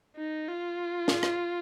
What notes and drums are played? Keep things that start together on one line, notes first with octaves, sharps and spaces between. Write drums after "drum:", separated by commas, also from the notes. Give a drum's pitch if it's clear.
D#4
F4
drum: snare
drum: rim click